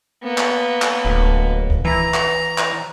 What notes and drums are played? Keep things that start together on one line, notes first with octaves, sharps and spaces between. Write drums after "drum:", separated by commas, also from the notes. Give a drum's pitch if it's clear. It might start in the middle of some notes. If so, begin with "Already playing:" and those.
A#3 B3
drum: clap
drum: clap
D1
drum: kick C#2
E3 A#5
drum: clap
drum: clap